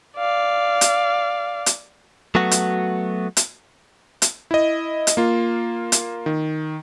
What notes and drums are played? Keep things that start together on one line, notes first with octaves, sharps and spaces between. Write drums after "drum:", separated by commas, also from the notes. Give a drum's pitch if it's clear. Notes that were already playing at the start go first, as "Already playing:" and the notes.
D5 F5
drum: hi-hat
drum: hi-hat
F#3 A3 B3 F#4
drum: hi-hat
drum: hi-hat
drum: hi-hat
E4 D#5
drum: hi-hat
A#3 F4
drum: hi-hat
D#3